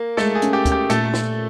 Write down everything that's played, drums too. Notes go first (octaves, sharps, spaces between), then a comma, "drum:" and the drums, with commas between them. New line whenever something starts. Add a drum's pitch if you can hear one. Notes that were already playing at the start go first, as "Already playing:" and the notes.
Already playing: A#3
G#3 A3 A4, drum: snare
G#4
C#4, drum: hi-hat
G4
C#4, drum: kick, hi-hat
G4
A#2 A3 A4, drum: hi-hat
drum: snare